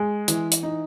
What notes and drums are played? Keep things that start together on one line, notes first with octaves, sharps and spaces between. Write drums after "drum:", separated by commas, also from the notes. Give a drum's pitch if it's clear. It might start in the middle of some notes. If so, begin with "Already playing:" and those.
Already playing: G#3
E3, drum: hi-hat
drum: hi-hat
D#4